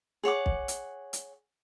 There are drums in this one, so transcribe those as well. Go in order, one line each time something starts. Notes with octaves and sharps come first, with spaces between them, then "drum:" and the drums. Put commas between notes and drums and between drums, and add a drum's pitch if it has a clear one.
G#4 C#5 F#5 D6
drum: kick B1
drum: hi-hat
drum: hi-hat